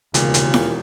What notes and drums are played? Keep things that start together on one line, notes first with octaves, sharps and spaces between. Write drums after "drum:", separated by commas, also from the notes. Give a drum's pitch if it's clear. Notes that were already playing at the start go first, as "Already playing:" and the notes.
E1 D#2 A#2 C#3, drum: hi-hat
drum: hi-hat
drum: snare E4